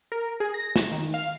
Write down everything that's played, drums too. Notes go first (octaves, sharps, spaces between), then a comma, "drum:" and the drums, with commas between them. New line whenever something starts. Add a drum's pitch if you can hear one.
A#4
G#4
A#6
E7, drum: snare
D#3, drum: open hi-hat
F5